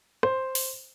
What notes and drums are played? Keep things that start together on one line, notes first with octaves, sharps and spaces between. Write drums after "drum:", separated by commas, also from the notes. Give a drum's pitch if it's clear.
C5, drum: rim click
drum: open hi-hat